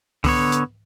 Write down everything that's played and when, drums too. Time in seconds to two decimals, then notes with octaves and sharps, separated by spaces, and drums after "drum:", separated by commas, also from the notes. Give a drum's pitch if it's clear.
0.24 D3 B3 C#5, drum: kick C2, open hi-hat
0.52 drum: hi-hat